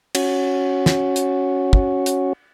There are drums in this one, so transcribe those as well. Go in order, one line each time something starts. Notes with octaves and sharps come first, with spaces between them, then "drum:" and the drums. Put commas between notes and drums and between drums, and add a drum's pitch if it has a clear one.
C#4 F#4, drum: cymbal
drum: snare
drum: hi-hat
drum: kick
drum: hi-hat